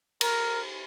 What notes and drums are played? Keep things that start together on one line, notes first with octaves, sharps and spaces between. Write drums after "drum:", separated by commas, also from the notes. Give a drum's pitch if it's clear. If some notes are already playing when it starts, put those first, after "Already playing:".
A#4, drum: cymbal